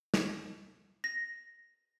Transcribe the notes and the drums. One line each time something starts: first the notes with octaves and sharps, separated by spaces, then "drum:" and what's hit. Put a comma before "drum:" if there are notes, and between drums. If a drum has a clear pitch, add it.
drum: snare
A#6